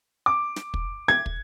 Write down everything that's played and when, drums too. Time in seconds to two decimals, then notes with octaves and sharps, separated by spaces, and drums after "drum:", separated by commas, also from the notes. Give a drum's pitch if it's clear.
0.26 D6
0.56 drum: snare
0.74 drum: kick
1.08 G#6
1.26 drum: kick